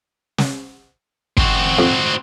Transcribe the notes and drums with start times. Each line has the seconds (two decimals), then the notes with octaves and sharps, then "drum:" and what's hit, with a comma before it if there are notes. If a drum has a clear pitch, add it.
0.38 drum: snare
1.37 C4 F#4, drum: kick
1.79 F2